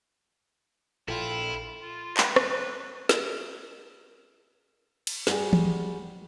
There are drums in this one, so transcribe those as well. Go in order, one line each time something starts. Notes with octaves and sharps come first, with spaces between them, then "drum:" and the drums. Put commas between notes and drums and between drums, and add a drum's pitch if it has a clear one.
A#1 E4 F4 A4 G5
F4
B4, drum: clap
drum: rim click
A#4, drum: snare
drum: cymbal
G3 F#4 G#4, drum: snare
drum: tom